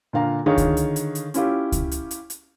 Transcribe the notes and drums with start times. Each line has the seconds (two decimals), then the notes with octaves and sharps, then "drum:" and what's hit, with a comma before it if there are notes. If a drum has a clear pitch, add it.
0.13 A#2 D3 F5 A#5
0.46 D3 D#3 F4 G#4 C#5
0.58 drum: kick C#2, hi-hat
0.77 drum: hi-hat
0.96 drum: hi-hat
1.15 drum: hi-hat
1.34 C#4 E4 F4 G4, drum: hi-hat
1.72 drum: kick C#2, hi-hat
1.92 drum: hi-hat
2.11 drum: hi-hat
2.30 drum: hi-hat